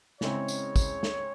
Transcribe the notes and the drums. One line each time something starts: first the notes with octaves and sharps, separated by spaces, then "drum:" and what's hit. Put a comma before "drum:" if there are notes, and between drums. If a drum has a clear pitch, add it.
C#3 G#3 C4 E4 C#5, drum: snare
drum: tambourine
drum: kick, tambourine
drum: snare